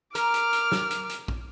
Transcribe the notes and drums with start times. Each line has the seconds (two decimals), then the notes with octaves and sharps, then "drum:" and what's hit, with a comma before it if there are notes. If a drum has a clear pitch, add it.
0.15 A#4 D6 F6, drum: hi-hat
0.34 drum: hi-hat
0.53 drum: hi-hat
0.72 drum: snare
0.91 drum: hi-hat
1.09 drum: hi-hat
1.28 drum: kick